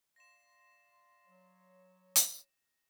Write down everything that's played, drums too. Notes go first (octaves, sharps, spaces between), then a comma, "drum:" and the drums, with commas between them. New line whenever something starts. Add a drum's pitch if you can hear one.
D5 F5 C6 A#6 E7
F#3 C#5
drum: hi-hat